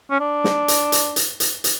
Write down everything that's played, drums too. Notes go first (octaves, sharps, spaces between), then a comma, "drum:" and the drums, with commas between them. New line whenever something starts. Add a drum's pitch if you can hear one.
C#4
D4
drum: snare
drum: hi-hat
drum: hi-hat
drum: hi-hat
drum: hi-hat
drum: hi-hat